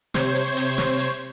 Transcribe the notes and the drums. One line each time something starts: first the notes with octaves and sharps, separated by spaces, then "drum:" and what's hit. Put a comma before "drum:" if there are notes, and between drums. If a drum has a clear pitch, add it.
C3 C5 C#5 G#6, drum: snare
drum: hi-hat
drum: open hi-hat
drum: snare
drum: hi-hat